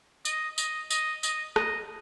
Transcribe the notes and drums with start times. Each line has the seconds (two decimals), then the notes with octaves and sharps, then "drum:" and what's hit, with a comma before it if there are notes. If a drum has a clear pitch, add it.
0.25 D#5, drum: tambourine
0.58 D#5, drum: tambourine
0.90 D#5, drum: tambourine
1.23 D#5, drum: tambourine
1.56 D#5, drum: rim click